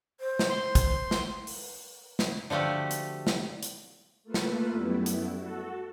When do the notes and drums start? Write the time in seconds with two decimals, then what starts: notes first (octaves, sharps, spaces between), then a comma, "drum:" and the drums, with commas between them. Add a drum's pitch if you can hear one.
0.20 C5
0.39 drum: snare
0.49 C6
0.75 drum: kick, hi-hat
1.11 drum: snare
1.47 drum: open hi-hat
2.19 drum: snare
2.50 D3 F3 A3 F#4 G4
2.91 drum: hi-hat
3.27 drum: snare
3.63 drum: hi-hat
4.24 A3 A#3 F4 A4 B4
4.34 drum: snare
4.70 F#2 G3 A3 B3 E4
5.06 drum: hi-hat
5.33 F#4 A4